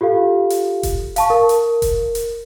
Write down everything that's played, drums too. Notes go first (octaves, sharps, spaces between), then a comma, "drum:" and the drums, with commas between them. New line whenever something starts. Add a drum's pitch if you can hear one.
F4 G4 A4 F5
drum: hi-hat
drum: kick E1, hi-hat
F5 A5 C#6, drum: hi-hat
A#4
drum: hi-hat
drum: kick E1, hi-hat
drum: hi-hat